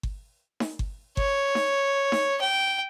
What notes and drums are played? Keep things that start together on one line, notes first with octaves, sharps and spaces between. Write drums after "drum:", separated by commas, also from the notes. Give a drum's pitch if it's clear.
drum: kick G1
drum: snare D#4
drum: kick G1
C#5, drum: kick G1
drum: snare D#4
drum: snare D#4
G5